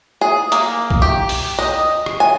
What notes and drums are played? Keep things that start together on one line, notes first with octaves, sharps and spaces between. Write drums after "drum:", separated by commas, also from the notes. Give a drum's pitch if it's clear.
G#4
A#3, drum: hi-hat
drum: kick A#1
G4
drum: open hi-hat
D#5
drum: rim click
G#5